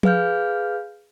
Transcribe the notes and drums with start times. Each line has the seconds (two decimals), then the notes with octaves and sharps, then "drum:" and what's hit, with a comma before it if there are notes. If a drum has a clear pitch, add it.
0.03 G#4 B4 F5 F6 G6, drum: tom F3